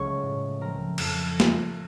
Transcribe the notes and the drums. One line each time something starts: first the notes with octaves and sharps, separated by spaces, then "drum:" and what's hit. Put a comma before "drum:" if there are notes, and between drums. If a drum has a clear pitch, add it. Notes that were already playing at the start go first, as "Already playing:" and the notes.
Already playing: C#2 C#3 F#3 A3 C#5 C#6
A2
F3 A3 C4 A#4 A#5
F2 A4 A5, drum: cymbal
drum: snare